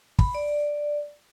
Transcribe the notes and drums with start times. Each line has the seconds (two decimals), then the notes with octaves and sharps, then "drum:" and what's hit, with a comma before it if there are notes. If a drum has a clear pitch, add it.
0.19 B5, drum: kick
0.35 D5